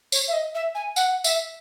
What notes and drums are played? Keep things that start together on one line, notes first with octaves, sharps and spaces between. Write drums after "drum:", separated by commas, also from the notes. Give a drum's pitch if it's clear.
C#5, drum: tambourine
E5
D#5
E5
G#5
F#5, drum: tambourine
E5, drum: tambourine